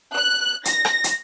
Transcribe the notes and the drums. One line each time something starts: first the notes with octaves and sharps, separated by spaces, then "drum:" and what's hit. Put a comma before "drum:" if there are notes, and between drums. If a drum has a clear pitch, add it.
F#6
A#6, drum: hi-hat
drum: rim click
drum: hi-hat